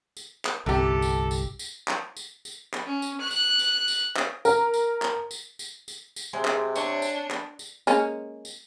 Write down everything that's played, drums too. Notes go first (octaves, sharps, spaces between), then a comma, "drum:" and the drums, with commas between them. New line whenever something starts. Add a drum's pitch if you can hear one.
drum: tambourine
drum: clap
G1 C2 C3 G4 A4
drum: tambourine
drum: tambourine
drum: tambourine
drum: clap
drum: tambourine
drum: tambourine
drum: clap
C#4
drum: tambourine
F#6
drum: tambourine
drum: tambourine
drum: tambourine
drum: clap
A#4, drum: tambourine
drum: tambourine
drum: clap
drum: tambourine
drum: tambourine
drum: tambourine
drum: tambourine
C3 G#3
drum: clap
D4 C#5 G#5, drum: tambourine
drum: tambourine
drum: clap
drum: tambourine
G#3 A#3 C#4, drum: tambourine
drum: tambourine